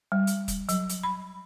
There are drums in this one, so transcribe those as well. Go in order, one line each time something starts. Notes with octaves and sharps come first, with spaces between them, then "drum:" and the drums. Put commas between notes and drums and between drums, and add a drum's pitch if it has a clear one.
G3
drum: hi-hat
drum: kick, hi-hat
F#3, drum: hi-hat
drum: hi-hat
B5